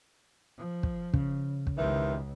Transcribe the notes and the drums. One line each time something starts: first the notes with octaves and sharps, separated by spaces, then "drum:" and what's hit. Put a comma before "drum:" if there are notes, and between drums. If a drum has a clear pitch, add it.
F3
drum: kick
C#3, drum: kick
drum: kick
C#2 C3 D#3 E3